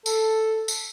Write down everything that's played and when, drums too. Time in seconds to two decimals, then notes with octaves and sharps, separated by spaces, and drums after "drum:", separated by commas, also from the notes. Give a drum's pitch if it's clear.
0.06 A4, drum: tambourine
0.68 drum: tambourine